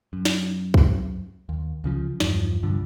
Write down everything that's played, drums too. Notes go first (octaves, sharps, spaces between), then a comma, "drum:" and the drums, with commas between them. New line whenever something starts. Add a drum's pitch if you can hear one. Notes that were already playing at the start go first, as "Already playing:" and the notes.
F#2
drum: snare
drum: kick B1
D#2
C#2 C#3 F3
E2 G2 F3, drum: snare
C2 G2 D3 F3